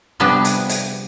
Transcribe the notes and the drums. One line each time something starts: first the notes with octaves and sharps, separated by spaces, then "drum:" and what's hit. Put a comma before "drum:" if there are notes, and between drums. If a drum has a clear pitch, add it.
C3 F3 G3 B3 D4
drum: hi-hat
drum: hi-hat